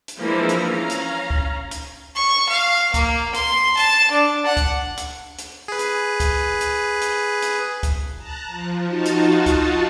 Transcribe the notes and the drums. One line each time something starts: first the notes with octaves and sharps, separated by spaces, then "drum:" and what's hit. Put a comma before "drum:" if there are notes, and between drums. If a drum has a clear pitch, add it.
drum: hi-hat
E3 F3 G#3 A#3 D4 E4
drum: hi-hat
C#4 F5 A#5
drum: hi-hat
drum: kick D2
drum: hi-hat
C#6
F5
A#3, drum: kick D2, hi-hat
C6, drum: hi-hat
A5, drum: hi-hat
D4
F#5
drum: kick D2, hi-hat
drum: hi-hat
drum: hi-hat
G#4 B4
drum: hi-hat
drum: kick D2, hi-hat
drum: hi-hat
drum: hi-hat
drum: hi-hat
drum: kick D2, hi-hat
A5 A#5 F#6
F3
D#4 F4 F#4 A5
drum: hi-hat
drum: kick D2, hi-hat